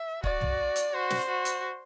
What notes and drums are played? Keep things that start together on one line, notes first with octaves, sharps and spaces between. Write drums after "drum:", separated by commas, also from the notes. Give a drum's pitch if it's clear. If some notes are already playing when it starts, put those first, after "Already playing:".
Already playing: E5
F#4 D5, drum: kick C#1
drum: tom
drum: hi-hat
F#4 C5
drum: snare
F#4
drum: hi-hat